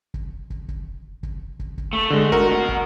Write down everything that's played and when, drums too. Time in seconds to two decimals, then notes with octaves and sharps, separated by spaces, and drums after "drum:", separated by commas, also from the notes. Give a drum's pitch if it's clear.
0.14 drum: kick
0.50 drum: kick
0.68 drum: kick
1.23 drum: kick
1.59 drum: kick
1.78 drum: kick
1.93 A3
2.10 D3 G#3
2.32 F#4 A#4, drum: kick
2.50 B2 F#5
2.69 drum: kick